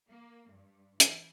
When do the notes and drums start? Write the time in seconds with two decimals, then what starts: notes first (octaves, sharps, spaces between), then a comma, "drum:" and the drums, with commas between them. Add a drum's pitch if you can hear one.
0.10 A#3
0.51 G2
1.00 E3, drum: hi-hat